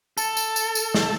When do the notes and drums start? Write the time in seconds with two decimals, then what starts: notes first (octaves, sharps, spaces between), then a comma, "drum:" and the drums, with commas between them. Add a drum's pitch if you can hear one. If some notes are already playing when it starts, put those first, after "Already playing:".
0.18 A4, drum: tambourine
0.37 drum: tambourine
0.56 drum: tambourine
0.75 drum: tambourine
0.94 drum: snare